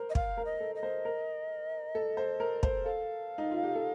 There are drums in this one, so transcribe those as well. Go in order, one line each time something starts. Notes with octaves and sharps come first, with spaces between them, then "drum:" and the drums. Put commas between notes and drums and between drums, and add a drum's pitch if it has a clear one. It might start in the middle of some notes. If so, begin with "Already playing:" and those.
Already playing: A#4 C5
D#5
F5, drum: kick
A#4
D#5
A4
D#5
C5
A#4
A4
C5
A#4
C5, drum: kick
A4 F5
D#4
F4
G4
A4